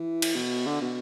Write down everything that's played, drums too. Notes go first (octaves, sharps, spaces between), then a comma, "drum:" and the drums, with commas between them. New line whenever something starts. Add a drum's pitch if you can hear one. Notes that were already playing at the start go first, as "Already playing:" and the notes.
Already playing: E3
drum: cymbal
B2
D3
B2